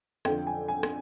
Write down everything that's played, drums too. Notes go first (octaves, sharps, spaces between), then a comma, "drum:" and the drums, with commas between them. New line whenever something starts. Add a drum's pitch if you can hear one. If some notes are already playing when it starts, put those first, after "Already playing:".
F2 D3 F3 G5, drum: rim click
G#5
G#5
drum: rim click